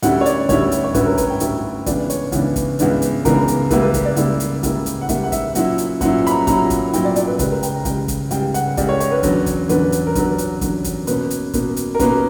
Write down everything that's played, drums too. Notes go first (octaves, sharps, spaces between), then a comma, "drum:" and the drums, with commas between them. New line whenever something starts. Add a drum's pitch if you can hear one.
D2 D3 G3 C#4 E4 F#5, drum: hi-hat
C#5
D5, drum: hi-hat
D2 D3 G3 C#4 E4 C#5, drum: kick, hi-hat
drum: hi-hat
C#5
D2 D3 G3 C#4 E4 B4, drum: kick, hi-hat
A#4
B4, drum: kick, hi-hat
G5
D2 D3 G3 C#4 E4, drum: hi-hat
C#2 C#3 E3 B3 D4 D5, drum: kick, hi-hat
C#5, drum: hi-hat
C#2 C#3 E3 B3 D4, drum: kick, hi-hat
drum: kick, hi-hat
C#2 C#3 E3 B3 D4, drum: hi-hat
drum: hi-hat
C#2 C#3 E3 B3 D4 A#4, drum: kick, hi-hat
drum: hi-hat
C#2 C#3 G3 A#3 E4 B4, drum: kick, hi-hat
B4
drum: kick, hi-hat
D5
C#2 C#3 G3 A#3 E4, drum: hi-hat
drum: hi-hat
C#2 C#3 G3 A#3 E4, drum: kick, hi-hat
drum: hi-hat
F#5
C#2 C#3 G3 A#3 E4 E5, drum: kick, hi-hat
F#5
E5, drum: kick, hi-hat
A#2 F#3 C#4 E4 F#5, drum: hi-hat
drum: hi-hat
A#2 F#3 C#4 E4 F#5, drum: kick, hi-hat
B5, drum: hi-hat
A#5
A#2 F#3 C#4 E4 A#5, drum: kick, hi-hat
drum: kick, hi-hat
A#2 F#3 C#4 E4 G5, drum: hi-hat
D5
D5, drum: hi-hat
B4
C#2 C#3 G3 B4, drum: kick, hi-hat
A#4
G5, drum: hi-hat
A#5
C#2 C#3 G3 G5, drum: kick, hi-hat
drum: kick, hi-hat
C#2 C#3 G3 G5, drum: hi-hat
F#5, drum: hi-hat
C#2 C#3 G3 D5, drum: kick, hi-hat
C#5
C#5, drum: hi-hat
B4
E2 D3 F#3 C#4, drum: kick, hi-hat
drum: kick, hi-hat
E2 D3 F#3 C#4 B4, drum: hi-hat
drum: hi-hat
A#4
E2 D3 F#3 C#4 B4, drum: kick, hi-hat
drum: hi-hat
E2 D3 F#3 C#4, drum: kick, hi-hat
drum: kick, hi-hat
B2 A#3 C#4 B4, drum: hi-hat
drum: hi-hat
B2 A#3 C#4, drum: kick, hi-hat
drum: hi-hat
A#4
B2 A#3 C#4 B4, drum: kick, hi-hat